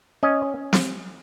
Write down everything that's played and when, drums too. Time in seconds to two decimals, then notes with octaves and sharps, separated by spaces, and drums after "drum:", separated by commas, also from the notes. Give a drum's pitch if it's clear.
0.23 C#4 D#5
0.73 drum: snare